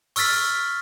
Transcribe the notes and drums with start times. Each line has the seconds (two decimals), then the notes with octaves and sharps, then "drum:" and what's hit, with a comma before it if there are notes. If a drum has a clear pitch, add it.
0.16 C#6 E6 F6 A6 B6, drum: open hi-hat